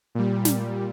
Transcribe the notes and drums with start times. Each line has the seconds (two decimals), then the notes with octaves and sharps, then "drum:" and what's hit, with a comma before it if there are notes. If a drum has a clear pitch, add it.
0.15 A#2 G3
0.45 drum: snare